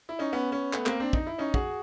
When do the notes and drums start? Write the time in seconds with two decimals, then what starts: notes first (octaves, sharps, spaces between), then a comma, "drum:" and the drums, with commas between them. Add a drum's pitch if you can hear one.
0.09 E4
0.19 C#4 D#4
0.33 B3 C#4
0.52 B3 C#4
0.73 A3 B3, drum: clap
0.86 A#3 C4, drum: clap
1.00 C4 D4
1.13 D#4, drum: kick
1.27 E4
1.38 C#4 D#4
1.54 F#4 G#4, drum: kick